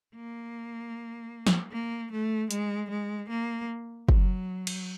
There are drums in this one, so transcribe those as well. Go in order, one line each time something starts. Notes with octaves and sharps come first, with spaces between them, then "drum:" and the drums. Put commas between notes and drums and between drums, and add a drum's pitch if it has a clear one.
A#3
drum: snare
A#3
A3
G#3, drum: hi-hat
G#3
A#3
F#3, drum: kick
drum: cymbal